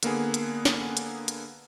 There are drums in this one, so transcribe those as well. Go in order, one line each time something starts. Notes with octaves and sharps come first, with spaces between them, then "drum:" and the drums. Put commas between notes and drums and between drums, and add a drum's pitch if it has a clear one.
D3 A#3 B3 G#4, drum: hi-hat
drum: hi-hat
drum: snare
drum: hi-hat
drum: hi-hat